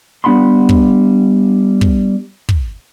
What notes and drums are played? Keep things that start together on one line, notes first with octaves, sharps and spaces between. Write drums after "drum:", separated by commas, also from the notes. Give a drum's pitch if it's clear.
G3 B3 D4 F#5 B5 C6
drum: kick
drum: kick
drum: kick